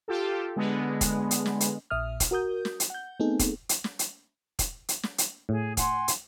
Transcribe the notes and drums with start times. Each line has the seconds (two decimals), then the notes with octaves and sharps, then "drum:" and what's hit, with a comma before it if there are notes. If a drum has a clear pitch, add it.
0.08 F4 G4 A4
0.56 D3 G#3 B3
1.01 drum: kick E1, hi-hat
1.31 drum: hi-hat
1.46 drum: snare
1.60 drum: hi-hat
1.90 A#1 A#2 E5 D#6 F6
2.20 drum: kick E1, hi-hat
2.31 F#4 A#4 D#6 G6
2.65 drum: snare
2.80 drum: hi-hat
2.90 F#5 G6
3.20 A3 B3 C4 D#4 G#4 A4
3.39 drum: kick E1, hi-hat
3.69 drum: hi-hat
3.84 drum: snare
3.99 drum: hi-hat
4.59 drum: kick E1, hi-hat
4.89 drum: hi-hat
5.03 drum: snare
5.18 drum: hi-hat
5.49 A2 G#4
5.77 F#5 G#5 C6, drum: kick E1, hi-hat
6.08 drum: hi-hat